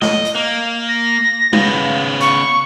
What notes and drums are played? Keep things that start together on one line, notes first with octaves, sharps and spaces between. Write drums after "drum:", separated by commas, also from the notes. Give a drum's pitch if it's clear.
D#5, drum: snare
drum: hi-hat
A#3
A#6
C#3 B3, drum: tom G3
C#6, drum: hi-hat